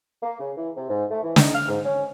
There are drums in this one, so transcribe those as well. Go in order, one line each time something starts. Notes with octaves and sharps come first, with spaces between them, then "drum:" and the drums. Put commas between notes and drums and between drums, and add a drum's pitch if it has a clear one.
A#3
C#3
E3
C3
G#2
A3
E3
D#4, drum: snare
F6
G#2
C#4